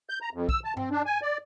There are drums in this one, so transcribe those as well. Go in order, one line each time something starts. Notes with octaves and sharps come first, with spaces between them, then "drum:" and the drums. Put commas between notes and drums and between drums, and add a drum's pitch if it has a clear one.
G6
A#5
F2
E6, drum: kick
A5
C4, drum: tom G2
D4
G#5
D5